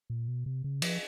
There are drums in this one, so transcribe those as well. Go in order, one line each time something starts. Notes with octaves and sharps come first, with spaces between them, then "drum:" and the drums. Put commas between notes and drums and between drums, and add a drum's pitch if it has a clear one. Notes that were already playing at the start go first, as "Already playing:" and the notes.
A#2
B2
C3
C#3
F3, drum: cymbal